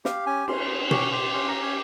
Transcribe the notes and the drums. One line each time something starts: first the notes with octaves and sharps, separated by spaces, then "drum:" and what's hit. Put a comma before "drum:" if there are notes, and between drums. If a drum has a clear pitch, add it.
G4 F5, drum: snare
C#4 G#5
C#4 C6, drum: cymbal
C#4
G4 C#6, drum: tom B2
G4 C6
C#4 C6
A#5
G4
C#5